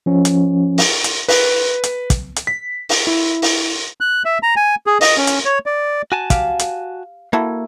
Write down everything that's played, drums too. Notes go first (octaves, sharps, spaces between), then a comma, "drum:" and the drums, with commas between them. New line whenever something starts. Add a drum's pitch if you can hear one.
F3 C#4
drum: hi-hat
drum: open hi-hat
drum: hi-hat
B4, drum: open hi-hat
drum: hi-hat
drum: kick, hi-hat
drum: hi-hat
B6
drum: open hi-hat
E4
drum: open hi-hat
F#6
E5
A#5
G#5
G#4
D#5, drum: open hi-hat
C#4
drum: hi-hat
C#5
D5
F#4 G#5 A5
G4 F5, drum: kick, hi-hat
drum: hi-hat
A#3 E4 F#4 A4